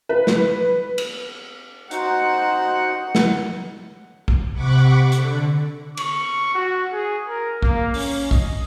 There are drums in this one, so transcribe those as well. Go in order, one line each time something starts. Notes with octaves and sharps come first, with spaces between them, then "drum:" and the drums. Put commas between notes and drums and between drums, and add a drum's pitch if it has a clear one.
B4
drum: snare
drum: cymbal
D#4 F#4 C5 F#5, drum: hi-hat
drum: snare
drum: kick
C3 F#5 B5 C#6 D6
D3, drum: hi-hat
C#6, drum: cymbal
F#4
G#4
A#4
A#3, drum: kick
C#4, drum: open hi-hat
D#5, drum: kick